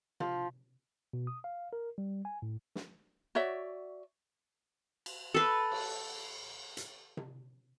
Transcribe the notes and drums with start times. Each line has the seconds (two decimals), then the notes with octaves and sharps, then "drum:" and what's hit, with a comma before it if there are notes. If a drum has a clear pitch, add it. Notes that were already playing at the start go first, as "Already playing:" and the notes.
0.20 F3, drum: tom C3
1.13 B2
1.27 D#6
1.44 F5
1.73 A#4
1.98 G3
2.25 G#5
2.42 A2
2.75 drum: snare
3.35 F#4 C#5 D5 E5
5.06 drum: cymbal
5.34 A4 B4
5.72 drum: cymbal
6.77 drum: hi-hat
7.17 drum: tom C3